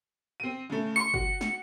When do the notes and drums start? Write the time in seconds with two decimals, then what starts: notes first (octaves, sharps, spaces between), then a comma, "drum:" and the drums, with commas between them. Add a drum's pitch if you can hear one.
0.40 C4 D#7
0.70 C#3 A3
0.96 C6 C#6 C#7
1.14 F#4, drum: kick G1
1.41 drum: snare